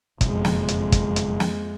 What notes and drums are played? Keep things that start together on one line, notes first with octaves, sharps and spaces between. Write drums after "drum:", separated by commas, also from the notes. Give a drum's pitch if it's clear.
F#1 F2 B2 G#3, drum: kick, hi-hat
drum: snare
drum: hi-hat
drum: kick, hi-hat
drum: hi-hat
drum: snare